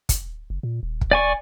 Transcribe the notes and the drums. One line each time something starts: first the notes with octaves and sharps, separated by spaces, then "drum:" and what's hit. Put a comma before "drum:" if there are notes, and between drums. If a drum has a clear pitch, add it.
drum: kick, hi-hat
F#1
A#2
D#1
drum: kick
D5 G#5 C#6